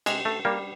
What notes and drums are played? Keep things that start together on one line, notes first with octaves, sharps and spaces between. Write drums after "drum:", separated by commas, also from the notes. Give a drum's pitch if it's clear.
C3 G#3, drum: cymbal
A3
G3 A#3